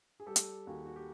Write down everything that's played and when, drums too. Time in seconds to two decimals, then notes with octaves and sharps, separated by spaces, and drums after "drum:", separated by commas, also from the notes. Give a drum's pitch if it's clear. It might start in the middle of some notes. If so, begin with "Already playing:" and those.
0.20 G#4
0.26 G3 G4 A4
0.36 drum: hi-hat
0.67 D#2 F#4 G#4
0.85 F#4
0.96 G4